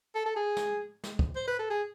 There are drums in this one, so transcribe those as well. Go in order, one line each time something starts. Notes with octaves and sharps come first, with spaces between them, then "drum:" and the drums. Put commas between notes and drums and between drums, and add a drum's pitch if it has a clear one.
A4
A4
G#4
drum: snare
drum: snare
drum: kick
C5
B4
A4
G#4